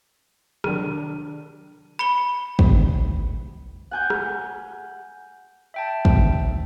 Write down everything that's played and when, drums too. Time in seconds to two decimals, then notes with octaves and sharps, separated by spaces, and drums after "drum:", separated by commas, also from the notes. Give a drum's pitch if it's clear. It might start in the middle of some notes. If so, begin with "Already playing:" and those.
0.64 C3 D#3 F#3 D4 D#7, drum: rim click
1.99 B5 C#7 G7
2.59 drum: kick
3.91 F#5 G#5 G6
4.10 drum: rim click
5.74 E5 G5 A5
6.05 drum: kick